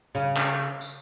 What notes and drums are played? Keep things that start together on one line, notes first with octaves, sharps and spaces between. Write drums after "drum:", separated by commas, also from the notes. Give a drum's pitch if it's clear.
C#3
drum: clap
drum: tambourine